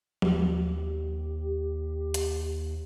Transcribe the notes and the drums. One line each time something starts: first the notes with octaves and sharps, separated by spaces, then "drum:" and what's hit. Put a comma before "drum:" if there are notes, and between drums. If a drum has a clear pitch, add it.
D#2 G4, drum: tom F3
drum: hi-hat